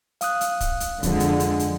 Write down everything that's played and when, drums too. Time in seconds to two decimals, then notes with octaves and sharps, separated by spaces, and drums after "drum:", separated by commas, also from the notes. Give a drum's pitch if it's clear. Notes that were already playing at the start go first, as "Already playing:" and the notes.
0.21 F5 D#6 F#6, drum: hi-hat
0.41 drum: hi-hat
0.60 drum: kick, hi-hat
0.80 drum: hi-hat
1.03 F2 D3 F3 G#3, drum: kick, hi-hat
1.20 drum: hi-hat
1.40 drum: hi-hat
1.59 drum: hi-hat